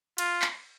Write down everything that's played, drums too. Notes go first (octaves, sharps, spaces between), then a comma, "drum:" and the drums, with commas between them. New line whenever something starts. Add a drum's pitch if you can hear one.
F4, drum: cymbal
drum: clap